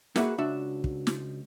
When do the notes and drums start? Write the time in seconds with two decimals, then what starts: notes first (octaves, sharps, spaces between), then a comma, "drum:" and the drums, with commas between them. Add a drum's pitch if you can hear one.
0.16 A#3 F#4 G#4 B4 E5 F#5, drum: snare
0.38 C#2 D4 F#4 E5
0.84 drum: kick
1.07 drum: snare